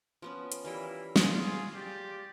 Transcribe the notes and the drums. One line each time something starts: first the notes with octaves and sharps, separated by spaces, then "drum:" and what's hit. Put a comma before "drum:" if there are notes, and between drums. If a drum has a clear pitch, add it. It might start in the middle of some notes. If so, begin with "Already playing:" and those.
F3 B3 C#4
drum: hi-hat
E3 G3 A#3 E4 G5
F4 F#4 G#4 D#5 E5, drum: snare
F4 G4 D5